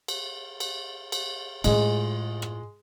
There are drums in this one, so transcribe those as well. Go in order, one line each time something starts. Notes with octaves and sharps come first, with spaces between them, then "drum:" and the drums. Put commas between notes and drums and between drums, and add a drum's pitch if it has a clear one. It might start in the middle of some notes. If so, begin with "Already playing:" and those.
drum: cymbal
drum: cymbal
drum: cymbal
A2 G#3 F4, drum: cymbal
drum: rim click